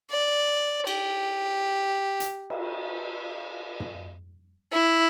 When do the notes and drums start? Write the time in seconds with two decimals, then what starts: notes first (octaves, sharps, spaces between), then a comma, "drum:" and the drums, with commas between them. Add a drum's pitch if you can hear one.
0.11 D5
0.87 G4, drum: cymbal
2.20 drum: hi-hat
2.50 drum: cymbal
3.80 drum: tom
4.73 E4